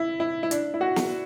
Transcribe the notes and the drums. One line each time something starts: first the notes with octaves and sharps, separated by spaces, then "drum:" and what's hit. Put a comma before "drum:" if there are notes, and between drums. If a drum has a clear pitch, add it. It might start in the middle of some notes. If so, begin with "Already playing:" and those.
Already playing: E4
E4
E4
D4, drum: hi-hat
E4
F#4
drum: snare